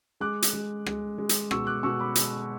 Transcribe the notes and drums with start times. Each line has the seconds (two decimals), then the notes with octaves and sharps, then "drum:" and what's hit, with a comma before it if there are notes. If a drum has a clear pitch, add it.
0.20 G#3 D6 F#6
0.42 drum: hi-hat
0.53 G#3
0.86 G#3, drum: rim click
1.18 G#3
1.29 drum: hi-hat
1.51 B2 C#6 E6, drum: rim click
1.67 D6 F#6
1.83 B2 C#6 E6
1.99 B5 D6
2.15 G#3, drum: hi-hat